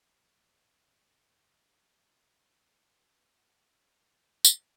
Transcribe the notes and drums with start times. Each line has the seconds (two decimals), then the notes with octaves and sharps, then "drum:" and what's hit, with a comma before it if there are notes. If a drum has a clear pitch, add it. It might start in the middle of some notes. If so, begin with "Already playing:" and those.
0.20 B1 G2
0.88 G1
2.97 B4
3.34 F#4
4.03 F2 G#2 C#3 A5
4.45 drum: tambourine